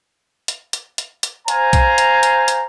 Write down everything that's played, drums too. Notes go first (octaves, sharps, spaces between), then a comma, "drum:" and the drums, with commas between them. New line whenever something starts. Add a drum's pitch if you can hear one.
drum: hi-hat
drum: hi-hat
drum: hi-hat
drum: hi-hat
C5 F5 G#5 A#5, drum: hi-hat
drum: kick A#1, hi-hat
drum: hi-hat
drum: hi-hat
drum: hi-hat